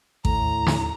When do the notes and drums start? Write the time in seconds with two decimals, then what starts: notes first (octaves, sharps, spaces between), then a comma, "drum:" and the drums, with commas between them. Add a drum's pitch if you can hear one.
0.25 D#2 A2 A#5, drum: kick A1
0.67 drum: snare